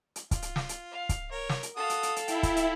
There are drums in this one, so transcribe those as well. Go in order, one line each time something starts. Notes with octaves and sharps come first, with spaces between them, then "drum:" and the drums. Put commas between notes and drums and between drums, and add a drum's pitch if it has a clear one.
drum: hi-hat
F4, drum: kick, hi-hat
drum: hi-hat
drum: snare
drum: hi-hat
F5
drum: kick, hi-hat
A#4 C#5
drum: snare
drum: hi-hat
F#4 A4 F5 D#6
drum: hi-hat
drum: hi-hat
drum: hi-hat
E4 G5, drum: hi-hat
drum: kick, hi-hat
drum: hi-hat